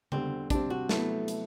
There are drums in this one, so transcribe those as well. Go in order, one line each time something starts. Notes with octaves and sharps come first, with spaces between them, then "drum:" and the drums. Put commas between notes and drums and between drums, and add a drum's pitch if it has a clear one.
E2 D3 G3 C4, drum: tom C#3
C3 G3 C4 D4, drum: kick, hi-hat
F#4
C3 F#3 A3 B3 E4, drum: snare
drum: hi-hat